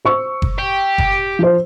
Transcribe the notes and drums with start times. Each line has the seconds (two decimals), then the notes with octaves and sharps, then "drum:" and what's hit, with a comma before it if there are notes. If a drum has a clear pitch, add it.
0.05 C5 C#6 E6
0.42 drum: kick F#1
0.59 G4
0.98 drum: kick F#1
1.39 F3 C5